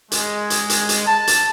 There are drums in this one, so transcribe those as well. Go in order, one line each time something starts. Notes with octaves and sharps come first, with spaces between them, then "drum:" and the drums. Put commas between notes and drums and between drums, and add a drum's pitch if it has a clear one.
G#3, drum: hi-hat
drum: hi-hat
drum: hi-hat
drum: hi-hat
A5
drum: hi-hat